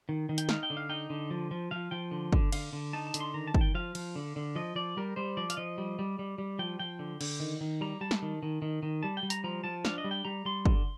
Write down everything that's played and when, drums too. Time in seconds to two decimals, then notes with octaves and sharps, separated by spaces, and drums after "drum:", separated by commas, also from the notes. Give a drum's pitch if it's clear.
0.09 D#3
0.29 D#3
0.38 G5, drum: hi-hat
0.49 D#4 F5, drum: snare
0.63 G5
0.70 D3
0.77 F5
0.89 D#4 G5
1.10 D3
1.30 F3
1.51 F3
1.71 F3 F5
1.91 F3 G5
2.11 D3
2.33 D3, drum: kick
2.52 D3 F5, drum: cymbal
2.73 D3
2.93 D#4 A5
3.07 A5
3.14 D3, drum: hi-hat
3.20 C6
3.34 D#3 A#5
3.47 A5
3.54 D#3, drum: kick
3.61 G5
3.74 F3 F5
3.95 F3, drum: cymbal
4.15 D3
4.36 D3
4.56 F3 D#5
4.76 F3 D5
4.97 G3 A#4
5.16 G3 C5
5.37 F3 D5
5.50 F5, drum: hi-hat
5.57 F3 D#5
5.78 G3
5.99 G3
6.19 G3
6.38 G3
6.59 F3 G5
6.79 F3 G5
6.99 D3
7.21 D3, drum: cymbal
7.40 D#3
7.61 D#3
7.81 G3 A#5
8.01 G3 A5
8.11 drum: snare
8.22 D#3
8.43 D#3
8.62 D#3
8.83 D#3
9.03 G3 A5
9.17 G5
9.23 G3
9.30 A#5, drum: hi-hat
9.44 F3 A#5
9.64 F3 A5
9.85 D4 F5, drum: snare
9.98 D#5
10.04 G3
10.11 G5
10.25 G3 A#5
10.45 G3 C6
10.65 D3, drum: kick